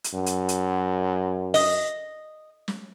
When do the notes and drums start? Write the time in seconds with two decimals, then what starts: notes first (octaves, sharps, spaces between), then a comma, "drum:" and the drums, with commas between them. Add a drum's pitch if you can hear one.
0.04 drum: hi-hat
0.13 F#2
0.26 drum: hi-hat
0.49 drum: hi-hat
1.54 D#5, drum: open hi-hat
2.68 drum: snare